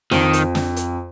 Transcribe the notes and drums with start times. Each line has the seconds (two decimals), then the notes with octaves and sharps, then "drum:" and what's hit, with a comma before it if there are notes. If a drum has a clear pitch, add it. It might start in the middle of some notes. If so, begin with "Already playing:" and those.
0.11 F2 D#3, drum: snare
0.33 drum: hi-hat
0.55 drum: snare
0.76 drum: hi-hat